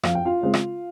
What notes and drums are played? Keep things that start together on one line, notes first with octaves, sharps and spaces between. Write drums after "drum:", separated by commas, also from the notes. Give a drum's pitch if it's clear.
F2 F5, drum: rim click
G5
F4 F5
C#3 G#3 C4
drum: rim click